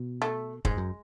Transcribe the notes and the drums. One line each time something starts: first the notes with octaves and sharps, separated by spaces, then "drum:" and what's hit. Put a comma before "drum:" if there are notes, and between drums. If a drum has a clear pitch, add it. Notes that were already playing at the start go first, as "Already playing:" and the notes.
Already playing: B2
A3
G#2 G#3, drum: kick
F#2